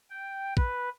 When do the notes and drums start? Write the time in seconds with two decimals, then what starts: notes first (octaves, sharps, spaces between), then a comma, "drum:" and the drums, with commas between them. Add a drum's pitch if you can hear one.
0.10 G5
0.57 B4, drum: kick